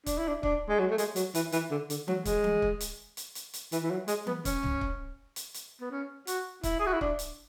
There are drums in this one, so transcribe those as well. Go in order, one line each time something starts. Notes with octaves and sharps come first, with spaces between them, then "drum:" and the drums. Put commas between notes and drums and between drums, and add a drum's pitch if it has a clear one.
D4, drum: kick C#1, hi-hat
E4
D4
D4, drum: kick C#1
G#3
F#3
A3
G#3, drum: hi-hat
F#3, drum: hi-hat
E3, drum: hi-hat
E3, drum: hi-hat
D3
D3, drum: hi-hat
F#3, drum: tom E3
G#3, drum: kick C#1, hi-hat
drum: tom E3
drum: kick C#1
drum: hi-hat
drum: hi-hat
drum: hi-hat
drum: hi-hat
E3, drum: hi-hat
E3
F#3
G#3, drum: hi-hat
B3, drum: tom E3
C#4, drum: kick C#1, hi-hat
drum: tom
drum: kick C#1
drum: hi-hat
drum: hi-hat
B3
C#4
F#4, drum: hi-hat
E4, drum: kick C#1, hi-hat
G#4
F#4
E4
D4, drum: kick C#1
drum: hi-hat